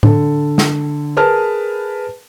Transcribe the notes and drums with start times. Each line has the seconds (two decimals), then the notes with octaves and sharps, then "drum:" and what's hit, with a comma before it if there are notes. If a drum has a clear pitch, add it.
0.03 D3 A4, drum: tom A2
0.58 drum: snare
1.17 G#4 A#4 B4 A5 F6